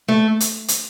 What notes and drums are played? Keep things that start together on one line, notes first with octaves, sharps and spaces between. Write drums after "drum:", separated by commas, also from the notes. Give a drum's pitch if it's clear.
A3
drum: hi-hat
drum: hi-hat